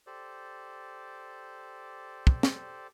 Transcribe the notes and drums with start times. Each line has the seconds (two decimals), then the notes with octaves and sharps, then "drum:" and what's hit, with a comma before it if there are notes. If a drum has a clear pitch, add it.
0.07 G4 A4 C5 D5
2.27 drum: kick
2.43 drum: snare